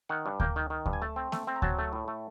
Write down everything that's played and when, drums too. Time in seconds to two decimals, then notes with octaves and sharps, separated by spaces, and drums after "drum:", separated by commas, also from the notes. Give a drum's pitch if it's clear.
0.09 D#3 F#5
0.26 G2
0.40 A#3 G5, drum: kick D2
0.56 D#3
0.70 D#3
0.86 G2, drum: kick D2
0.93 G#5
1.02 A3 A5
1.16 C4
1.32 A3, drum: snare A#3
1.47 C4
1.56 A#5
1.62 F#3 A5, drum: kick D2
1.78 A3
1.93 A2
2.08 A3